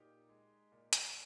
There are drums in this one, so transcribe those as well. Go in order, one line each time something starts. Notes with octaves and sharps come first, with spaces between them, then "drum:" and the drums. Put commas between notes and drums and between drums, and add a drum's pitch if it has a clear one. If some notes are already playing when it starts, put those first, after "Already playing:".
Already playing: A#2 D#4 G4
G#3
A#2
drum: hi-hat